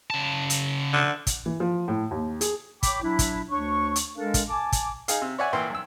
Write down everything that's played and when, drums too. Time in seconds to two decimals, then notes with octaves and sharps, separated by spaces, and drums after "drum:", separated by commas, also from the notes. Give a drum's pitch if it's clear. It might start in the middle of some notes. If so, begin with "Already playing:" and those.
0.10 C#3 A5
0.50 drum: hi-hat
0.93 D3
1.27 drum: kick, hi-hat
1.46 E3
1.60 F3
1.88 A2
2.11 D#2
2.41 G#4, drum: hi-hat
2.83 C#5 G5 B5 D6, drum: kick, hi-hat
3.02 F#3 D4 E4
3.19 drum: kick, hi-hat
3.50 D2 D4 C#5 C#6
3.96 drum: hi-hat
4.16 G#3 D4 A4 A#4 F5
4.34 drum: kick, hi-hat
4.49 G#5 A5 D6
4.72 drum: kick, hi-hat
5.08 D#4 G#4 F5, drum: hi-hat
5.21 C3
5.38 C#5 D5 E5 F#5 G#5
5.53 A#2 E3 G5 C6
5.70 B1 E6